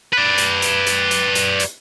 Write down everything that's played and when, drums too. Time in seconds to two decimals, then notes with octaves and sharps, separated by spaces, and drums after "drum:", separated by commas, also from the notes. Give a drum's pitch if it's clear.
0.13 B4 D5
0.38 drum: hi-hat
0.62 drum: hi-hat
0.86 drum: hi-hat
1.11 drum: hi-hat
1.35 drum: hi-hat
1.60 drum: hi-hat